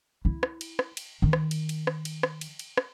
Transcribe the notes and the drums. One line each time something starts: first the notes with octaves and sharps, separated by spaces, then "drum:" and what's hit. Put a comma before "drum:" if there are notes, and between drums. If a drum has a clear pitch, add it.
E4
drum: rim click
drum: cymbal
drum: rim click
drum: cymbal
D#3
drum: rim click
drum: cymbal
drum: cymbal
drum: rim click
drum: cymbal
drum: rim click
drum: cymbal
drum: cymbal
drum: rim click